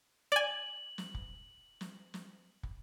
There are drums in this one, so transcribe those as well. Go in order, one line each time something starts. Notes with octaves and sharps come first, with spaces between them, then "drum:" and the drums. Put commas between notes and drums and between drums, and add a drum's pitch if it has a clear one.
D5 G#5 F#7
drum: snare
drum: kick
drum: snare
drum: snare
drum: kick